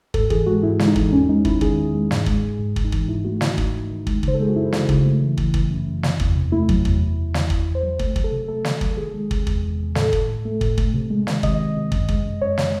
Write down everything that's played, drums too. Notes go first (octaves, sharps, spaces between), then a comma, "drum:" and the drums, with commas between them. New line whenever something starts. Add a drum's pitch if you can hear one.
G#2 A4, drum: kick
E3 G#4, drum: kick
G#3 F#4
G#2 E4
G#3, drum: snare
D#4
E3, drum: kick
E2 C#4
G#3 D#4
D#3 E4, drum: kick
D#3 G#4, drum: kick
D#3
G#3
G#2, drum: snare
G#3, drum: kick
G#3
G#2
G#2, drum: kick
D#4
E3, drum: kick
G#2 E4
A3 F#4
A3 E4, drum: snare
G#2 D#4, drum: kick
G#2
D#3
G#3, drum: kick
C#3 C5, drum: kick
A4
G#3 G#4
F#4
F#2 E4
C#3, drum: snare
C#3, drum: kick
A3
E3
E3, drum: kick
E3, drum: kick
F#2
F#2
C3, drum: snare
E2, drum: kick
C3
A3 E4
F#3, drum: kick
E2, drum: kick
E2
E2
E2, drum: snare
E2, drum: kick
E2
C5
F#3
A3, drum: kick
F#3, drum: kick
A4
C3
A3 A4
A3, drum: snare
F#3, drum: kick
A4
D#3 G#4
G#3
C3, drum: kick
E2, drum: kick
E2
E2
A2 A4, drum: snare
A2, drum: kick
A2
A3
A2, drum: kick
A3, drum: kick
C3
G#3
D#3, drum: snare
C3 D#5, drum: kick
C3
C3
F#2, drum: kick
G#3, drum: kick
F#2
F#2 C#5
drum: snare